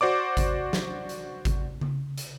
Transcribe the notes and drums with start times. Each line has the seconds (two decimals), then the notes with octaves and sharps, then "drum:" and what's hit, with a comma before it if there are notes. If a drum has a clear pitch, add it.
0.01 F#4 C5 D5 D6
0.37 drum: kick G#1, hi-hat
0.73 drum: snare
1.09 drum: hi-hat
1.45 drum: kick G#1, hi-hat
1.81 drum: tom C#3
2.18 drum: hi-hat